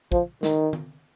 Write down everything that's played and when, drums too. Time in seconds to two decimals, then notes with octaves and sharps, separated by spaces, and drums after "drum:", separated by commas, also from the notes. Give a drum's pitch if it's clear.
0.12 F3, drum: kick
0.43 D#3, drum: snare
0.73 drum: tom D#3